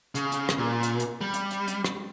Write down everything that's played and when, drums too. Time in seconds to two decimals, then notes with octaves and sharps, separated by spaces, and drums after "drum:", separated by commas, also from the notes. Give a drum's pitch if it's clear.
0.15 C#3, drum: hi-hat
0.32 drum: hi-hat
0.49 drum: rim click
0.58 A#2
0.83 drum: hi-hat
1.00 drum: hi-hat
1.21 G3
1.34 drum: hi-hat
1.51 drum: hi-hat
1.68 drum: hi-hat
1.84 drum: rim click